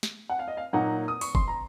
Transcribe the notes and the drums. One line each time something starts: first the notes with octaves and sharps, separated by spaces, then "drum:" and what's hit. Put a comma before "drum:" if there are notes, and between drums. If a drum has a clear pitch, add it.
drum: snare
F#5
F5
D#5
F5
A#2 F#3 A#3 D#4 F#5
D#6
C#6, drum: open hi-hat
C6, drum: kick F#1
A#5